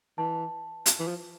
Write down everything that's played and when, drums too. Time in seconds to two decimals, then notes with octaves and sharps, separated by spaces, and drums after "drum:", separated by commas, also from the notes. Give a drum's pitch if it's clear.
0.18 E3 A5
0.86 drum: hi-hat
0.99 E3
1.07 F3